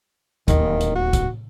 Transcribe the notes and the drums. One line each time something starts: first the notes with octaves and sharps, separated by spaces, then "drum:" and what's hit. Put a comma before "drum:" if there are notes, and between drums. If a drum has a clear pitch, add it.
D1 D#2 D#3, drum: kick, hi-hat
drum: hi-hat
F#4
drum: kick, hi-hat